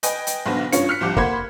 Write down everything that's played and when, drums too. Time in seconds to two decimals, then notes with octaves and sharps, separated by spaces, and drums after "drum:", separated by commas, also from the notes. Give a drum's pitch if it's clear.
0.03 B4 D#5 G5 G#5, drum: hi-hat
0.27 drum: hi-hat
0.46 B1 B2 D3 B4 C5 A#6
0.72 G2 C#3 F4 C#5 C#7, drum: hi-hat
0.89 F6 F#6 B6 C#7
1.00 C2 F3 G4 D6
1.17 A#3 C5 F#5 B5 C6 G#6, drum: kick